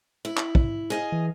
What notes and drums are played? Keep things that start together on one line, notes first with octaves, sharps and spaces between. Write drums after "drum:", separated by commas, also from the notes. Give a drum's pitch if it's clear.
E4
drum: clap
drum: kick
G#4 D#5 F5
E3